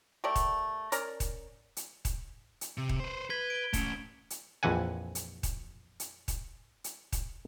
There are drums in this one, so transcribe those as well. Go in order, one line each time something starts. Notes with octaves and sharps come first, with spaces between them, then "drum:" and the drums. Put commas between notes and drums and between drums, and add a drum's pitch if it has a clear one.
A3 G4 A#4 D5
drum: kick D#1, hi-hat
C#4 A#4 D5 A#5, drum: hi-hat
drum: kick D#1, hi-hat
drum: hi-hat
drum: kick D#1, hi-hat
drum: hi-hat
C3
drum: kick D#1
B4 C5
B4 G#6 B6 G7
D7 G7
A3 C#4, drum: kick D#1, hi-hat
drum: hi-hat
A#1 F2 E3 F#5 G#5
drum: hi-hat
drum: kick D#1, hi-hat
drum: hi-hat
drum: kick D#1, hi-hat
drum: hi-hat
drum: kick D#1, hi-hat